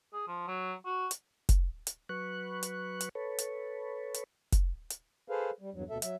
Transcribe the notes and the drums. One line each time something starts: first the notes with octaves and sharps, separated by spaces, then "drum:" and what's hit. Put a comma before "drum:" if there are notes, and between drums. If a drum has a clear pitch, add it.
G#4
F3
F#3
F#4
drum: hi-hat
drum: kick F1, hi-hat
drum: hi-hat
F#3 B4 C#6 F#6
drum: hi-hat
drum: hi-hat
A4 B4 C#5
drum: hi-hat
drum: hi-hat
drum: kick F1, hi-hat
drum: hi-hat
G#4 A4 B4 C5 F5
G3
E2 G2 F#3
D2 B2 A4 E5
F#3 E5, drum: hi-hat